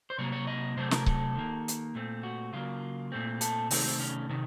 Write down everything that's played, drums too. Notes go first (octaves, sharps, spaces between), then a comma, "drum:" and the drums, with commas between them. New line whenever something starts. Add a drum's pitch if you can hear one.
C5
C3 F#3 A#3 C#5
C#5
D#5
C3 F#3 A3 C4 C5
A#4, drum: snare
A4, drum: kick C#1
D#3 A#3
drum: hi-hat
A#2 A3 C4
F#4
C#3 F#3 A#3 F4
A#2 A3 C4
A4, drum: hi-hat
C3 D#3 A3 C4 D#4, drum: open hi-hat
C4
C#4
C3 D#3